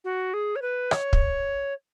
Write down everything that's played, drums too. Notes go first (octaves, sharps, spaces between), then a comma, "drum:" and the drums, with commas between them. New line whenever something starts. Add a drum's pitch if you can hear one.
F#4
G#4
C#5
B4
C#5, drum: rim click
drum: kick